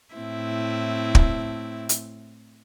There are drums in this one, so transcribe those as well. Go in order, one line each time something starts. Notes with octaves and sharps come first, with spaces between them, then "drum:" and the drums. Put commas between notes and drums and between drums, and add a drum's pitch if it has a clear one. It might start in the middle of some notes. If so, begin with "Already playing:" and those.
A2 C4 E4
drum: kick
drum: hi-hat